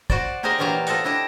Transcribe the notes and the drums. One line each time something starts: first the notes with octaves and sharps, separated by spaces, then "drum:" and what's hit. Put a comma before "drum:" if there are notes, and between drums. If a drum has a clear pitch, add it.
F#4 C5 D5, drum: kick
G4 G#4 A#4 C5 D#5 G#5
A#2 E3 F#3 F4 G4 F5
F4 A4 C5 D#5 F#5, drum: hi-hat
D4 E4 G4 D#5 A5